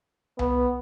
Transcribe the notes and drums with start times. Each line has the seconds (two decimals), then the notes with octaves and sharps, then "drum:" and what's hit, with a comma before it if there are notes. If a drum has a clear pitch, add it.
0.39 B3, drum: tom C2